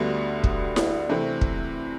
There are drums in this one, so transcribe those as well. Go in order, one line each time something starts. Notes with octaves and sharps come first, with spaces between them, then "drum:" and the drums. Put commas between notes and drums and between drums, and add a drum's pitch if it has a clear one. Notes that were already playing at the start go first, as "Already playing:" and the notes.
Already playing: D2 D3 G3 B3 F#4
drum: kick
drum: snare E4
C3 E3 A3 C4
drum: kick